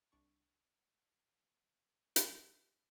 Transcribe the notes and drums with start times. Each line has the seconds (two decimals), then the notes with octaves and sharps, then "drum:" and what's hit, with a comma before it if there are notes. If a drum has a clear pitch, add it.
0.12 C2 D4 C#6
2.16 drum: hi-hat